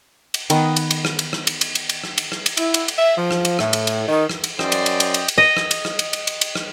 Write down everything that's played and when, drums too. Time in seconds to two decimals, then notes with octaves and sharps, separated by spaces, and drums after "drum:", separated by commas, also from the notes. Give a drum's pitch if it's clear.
0.34 drum: cymbal
0.50 D#3 B3 D#5, drum: cymbal
0.76 drum: cymbal
0.91 drum: cymbal
1.05 drum: rim click
1.19 drum: cymbal
1.33 drum: rim click
1.47 drum: cymbal
1.61 drum: cymbal
1.75 drum: cymbal
1.89 drum: cymbal
2.04 drum: rim click
2.18 drum: cymbal
2.32 drum: rim click
2.46 drum: cymbal
2.57 E4, drum: cymbal
2.74 drum: cymbal
2.88 drum: cymbal
2.97 E5
3.17 F3
3.31 drum: rim click
3.45 drum: cymbal
3.59 A2, drum: rim click
3.73 drum: cymbal
3.87 drum: cymbal
4.08 D#3
4.30 drum: rim click
4.44 drum: cymbal
4.59 F#2 C5 D5 D#5 G5, drum: rim click
4.72 drum: cymbal
4.86 drum: cymbal
5.00 drum: cymbal
5.14 drum: cymbal
5.28 drum: cymbal
5.38 D#5
5.57 drum: rim click
5.71 drum: cymbal
5.85 drum: rim click
5.99 drum: cymbal
6.13 drum: cymbal
6.27 drum: cymbal
6.41 drum: cymbal
6.55 drum: rim click